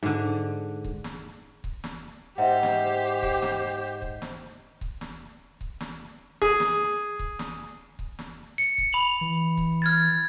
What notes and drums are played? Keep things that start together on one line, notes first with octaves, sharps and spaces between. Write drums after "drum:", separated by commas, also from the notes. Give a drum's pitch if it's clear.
G#2 D3
drum: kick C#1
drum: snare
drum: kick C#1
drum: snare
G#2 G4 C5 E5 F#5
drum: snare
drum: kick C#1
drum: snare
drum: kick C#1
drum: snare
drum: kick C#1
drum: snare
drum: kick C#1
drum: snare
G#4, drum: kick C#1
drum: snare
drum: kick C#1
drum: snare
drum: kick C#1
drum: snare
C#7
drum: kick C#1
B5 F7 F#7
E3
drum: kick C#1
F6 G#6 A6